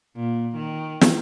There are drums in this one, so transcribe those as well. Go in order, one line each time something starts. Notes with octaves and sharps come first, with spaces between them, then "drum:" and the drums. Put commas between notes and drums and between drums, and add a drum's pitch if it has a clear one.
A#2
D#3
drum: snare